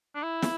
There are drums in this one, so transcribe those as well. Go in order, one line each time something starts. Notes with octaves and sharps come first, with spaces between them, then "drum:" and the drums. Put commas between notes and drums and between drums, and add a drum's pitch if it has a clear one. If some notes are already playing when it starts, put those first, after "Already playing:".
D4
E4
drum: snare